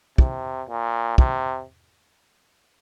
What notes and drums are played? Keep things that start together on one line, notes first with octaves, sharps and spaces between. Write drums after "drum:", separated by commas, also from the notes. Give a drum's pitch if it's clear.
C3, drum: kick
A#2
C3, drum: kick